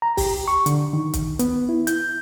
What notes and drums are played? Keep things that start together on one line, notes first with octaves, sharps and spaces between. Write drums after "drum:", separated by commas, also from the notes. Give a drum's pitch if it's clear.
A#5
G4, drum: kick, open hi-hat
C#6
D3, drum: hi-hat
D#3
drum: kick, hi-hat
B3, drum: hi-hat
E4
G6, drum: hi-hat